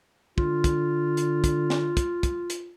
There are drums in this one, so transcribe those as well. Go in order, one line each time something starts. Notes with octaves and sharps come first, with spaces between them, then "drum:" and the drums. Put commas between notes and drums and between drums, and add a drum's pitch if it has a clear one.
D3 F4, drum: kick
drum: kick, hi-hat
drum: hi-hat
drum: kick, hi-hat
drum: snare
drum: kick, hi-hat
drum: kick, hi-hat
drum: hi-hat